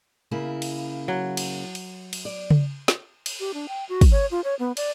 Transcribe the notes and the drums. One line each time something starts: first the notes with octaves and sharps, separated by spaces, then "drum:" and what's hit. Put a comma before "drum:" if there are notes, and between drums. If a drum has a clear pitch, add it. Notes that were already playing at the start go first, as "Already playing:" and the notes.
C#3 A#3 E4
drum: cymbal
F#3
drum: cymbal
drum: cymbal
drum: cymbal
D5
drum: tom C#3
drum: snare
drum: cymbal
G4
D4
G5
F#4
drum: kick, cymbal
C#5
F4
C#5
B3
D5, drum: cymbal